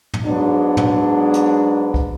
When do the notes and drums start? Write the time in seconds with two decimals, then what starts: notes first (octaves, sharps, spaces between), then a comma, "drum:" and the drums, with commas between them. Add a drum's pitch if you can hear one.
0.14 drum: tom
0.25 G#2 F#3 G#3 B3 D4
0.77 drum: tom
1.34 drum: hi-hat
1.94 drum: kick